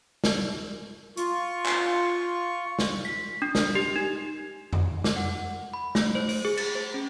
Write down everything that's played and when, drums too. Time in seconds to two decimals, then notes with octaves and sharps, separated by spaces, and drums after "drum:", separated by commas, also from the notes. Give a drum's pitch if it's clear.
0.24 drum: snare
1.17 F4 C#6, drum: hi-hat
1.65 drum: clap
2.79 drum: snare
3.05 B6
3.42 D4
3.55 drum: snare
3.75 G4
3.96 D#4
4.73 drum: tom F2
5.04 D6, drum: snare
5.16 F#5
5.74 B5
5.95 A3, drum: snare
6.15 C5
6.29 C5, drum: open hi-hat
6.45 G#4
6.57 A6, drum: cymbal
6.75 C5
6.94 C#4